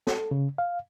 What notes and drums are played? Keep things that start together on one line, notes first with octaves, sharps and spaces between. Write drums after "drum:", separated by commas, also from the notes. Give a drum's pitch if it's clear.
A4, drum: snare
C#3
F5